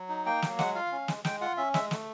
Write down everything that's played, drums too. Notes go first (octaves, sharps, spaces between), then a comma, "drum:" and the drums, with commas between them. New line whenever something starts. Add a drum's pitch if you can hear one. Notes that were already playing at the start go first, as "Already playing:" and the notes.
Already playing: F#3
D#4
A#3 G5
F#3, drum: snare
G#3 F#5, drum: snare
F4 F5
C#4
G#3, drum: snare
G#3 G5, drum: snare
F4 F#5
C#4 E5
G#3 E5, drum: snare
A3, drum: snare